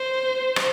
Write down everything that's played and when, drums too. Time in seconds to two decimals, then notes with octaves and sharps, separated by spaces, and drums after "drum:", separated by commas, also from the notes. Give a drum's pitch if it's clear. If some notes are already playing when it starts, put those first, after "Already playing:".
Already playing: C5
0.56 drum: rim click